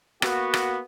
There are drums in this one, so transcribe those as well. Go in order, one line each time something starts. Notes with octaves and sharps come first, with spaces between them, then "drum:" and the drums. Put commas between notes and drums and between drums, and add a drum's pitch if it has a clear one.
A#3 B3 F#4, drum: rim click
drum: rim click